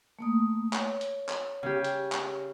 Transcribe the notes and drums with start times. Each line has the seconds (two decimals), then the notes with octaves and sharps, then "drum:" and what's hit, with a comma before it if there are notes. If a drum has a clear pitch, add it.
0.19 A3 A#3 D#6
0.73 C#5, drum: clap
1.01 drum: hi-hat
1.29 drum: clap
1.63 C#3 G4
1.84 drum: hi-hat
2.12 drum: clap